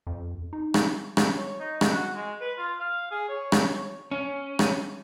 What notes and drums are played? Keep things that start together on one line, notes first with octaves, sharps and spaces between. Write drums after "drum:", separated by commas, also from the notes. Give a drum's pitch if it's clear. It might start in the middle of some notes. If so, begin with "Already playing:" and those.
F2
D#4
drum: rim click
drum: rim click
C#5
D#4
drum: rim click
F#4
G#3
B4
F4
F5
G#4
C#5
drum: rim click
C#5
C#4
drum: rim click